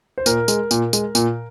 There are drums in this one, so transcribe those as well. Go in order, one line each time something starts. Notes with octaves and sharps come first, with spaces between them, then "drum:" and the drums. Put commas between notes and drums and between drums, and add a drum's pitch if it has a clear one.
C5
A#2 A#4, drum: tambourine
G#3, drum: tambourine
A#2, drum: tambourine
G#3, drum: tambourine
A#2, drum: tambourine